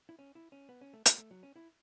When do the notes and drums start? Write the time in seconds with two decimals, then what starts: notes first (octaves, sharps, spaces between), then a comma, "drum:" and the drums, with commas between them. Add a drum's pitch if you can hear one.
0.09 E4
0.19 C#4
0.35 E4
0.52 C#4
0.69 B3
0.81 C#4
0.93 A3
1.06 A3, drum: hi-hat
1.18 A3
1.31 F#3
1.43 C#4
1.56 E4